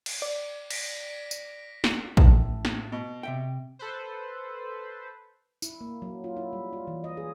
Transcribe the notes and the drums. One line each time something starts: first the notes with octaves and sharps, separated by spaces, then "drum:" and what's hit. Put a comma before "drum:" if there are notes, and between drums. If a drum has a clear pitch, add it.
drum: cymbal
D5
A#6 B6 D7, drum: cymbal
drum: tambourine
drum: snare
A2 A5, drum: kick
drum: snare
B2
C3 E5 G5
A4 B4 C5
E4, drum: tambourine
A#3
F#3
F4
E4
G3
F4
E3
D#5
G#4